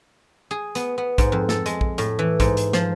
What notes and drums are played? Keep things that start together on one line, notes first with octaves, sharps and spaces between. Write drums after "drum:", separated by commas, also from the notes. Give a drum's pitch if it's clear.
G#4
B3, drum: hi-hat
B3
G#2, drum: kick A#1, hi-hat
F2
A4, drum: snare
G#3, drum: hi-hat
drum: kick A#1
A2, drum: hi-hat
E3
G#2, drum: kick A#1, hi-hat
drum: hi-hat
F3, drum: snare